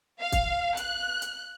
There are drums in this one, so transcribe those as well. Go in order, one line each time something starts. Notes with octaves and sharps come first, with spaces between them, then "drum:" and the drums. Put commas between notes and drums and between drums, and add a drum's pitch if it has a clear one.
F5
drum: kick, hi-hat
F#6, drum: hi-hat
drum: hi-hat